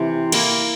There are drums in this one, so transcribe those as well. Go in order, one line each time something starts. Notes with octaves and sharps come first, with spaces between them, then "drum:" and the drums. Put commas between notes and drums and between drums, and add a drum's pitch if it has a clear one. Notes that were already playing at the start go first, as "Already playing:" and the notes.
Already playing: C3 E3
A#3 E4 A#4, drum: cymbal